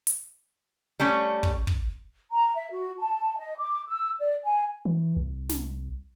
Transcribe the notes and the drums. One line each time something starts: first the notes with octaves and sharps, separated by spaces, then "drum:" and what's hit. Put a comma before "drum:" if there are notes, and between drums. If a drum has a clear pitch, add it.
drum: hi-hat
G3 A3 C#4
drum: kick
drum: kick
A#5
E5
F#4
A5
D#5
D6
E6
D5
G#5
E3
C2
drum: snare